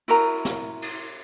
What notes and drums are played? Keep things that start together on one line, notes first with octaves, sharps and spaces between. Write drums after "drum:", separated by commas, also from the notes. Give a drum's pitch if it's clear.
E4 F#4 A#4 A#5, drum: cymbal
drum: snare
drum: cymbal